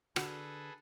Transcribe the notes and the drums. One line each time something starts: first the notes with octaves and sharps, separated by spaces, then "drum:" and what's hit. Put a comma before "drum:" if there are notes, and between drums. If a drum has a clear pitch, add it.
D3 F#4 G#4 A4 B4, drum: rim click